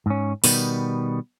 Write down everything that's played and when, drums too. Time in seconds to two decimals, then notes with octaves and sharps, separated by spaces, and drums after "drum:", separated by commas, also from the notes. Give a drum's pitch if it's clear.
0.06 G#2 C#4
0.44 B2 D#3 G3 B3, drum: open hi-hat